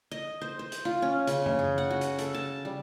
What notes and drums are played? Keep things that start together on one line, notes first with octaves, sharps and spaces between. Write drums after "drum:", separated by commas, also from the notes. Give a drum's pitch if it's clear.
D#5
C5
C5
drum: hi-hat
F4
C#4
C#3, drum: hi-hat
drum: tom F#2
G#4
F#5
F#4
drum: hi-hat
A4, drum: hi-hat
A5
G3